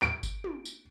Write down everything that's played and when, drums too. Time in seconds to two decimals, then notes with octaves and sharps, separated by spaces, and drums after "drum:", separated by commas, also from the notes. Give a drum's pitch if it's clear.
0.02 D7, drum: clap
0.23 drum: kick G1, tambourine
0.44 drum: tom
0.65 drum: tambourine